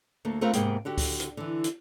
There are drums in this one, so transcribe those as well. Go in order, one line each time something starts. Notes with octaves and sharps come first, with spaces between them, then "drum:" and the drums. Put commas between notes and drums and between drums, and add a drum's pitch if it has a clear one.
D2 A#3 A4
A3 C4 F4 A#4 B4 F5
G#2 C3 A#3 B3 G#4 G5, drum: hi-hat
D3 F#4 G4
drum: kick C#2, open hi-hat
drum: hi-hat
D3 E3
drum: hi-hat